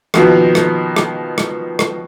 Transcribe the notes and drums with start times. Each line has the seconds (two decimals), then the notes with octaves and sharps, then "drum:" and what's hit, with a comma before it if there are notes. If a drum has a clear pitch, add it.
0.14 B2 D#3 F3 A#3 B3, drum: rim click
0.55 drum: rim click
0.96 drum: rim click
1.38 drum: rim click
1.79 drum: rim click